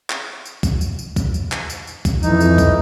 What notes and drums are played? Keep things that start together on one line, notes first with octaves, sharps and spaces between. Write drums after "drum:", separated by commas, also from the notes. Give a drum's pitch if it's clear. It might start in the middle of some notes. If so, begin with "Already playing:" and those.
drum: clap
drum: tambourine
drum: kick, tambourine
drum: tambourine
drum: tambourine
drum: kick, tambourine
drum: tambourine
drum: clap
drum: tambourine
drum: tambourine
drum: kick, tambourine
F2 E3 D#4, drum: tambourine
drum: tambourine
drum: kick, tambourine